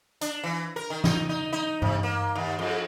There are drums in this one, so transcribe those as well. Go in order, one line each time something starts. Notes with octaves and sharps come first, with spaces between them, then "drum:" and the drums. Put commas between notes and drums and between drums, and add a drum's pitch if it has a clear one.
D4, drum: hi-hat
E3
A#4
D#3
D#4, drum: snare
D#4
D#4
C3, drum: tom G2
A#3
D#2
F2, drum: cymbal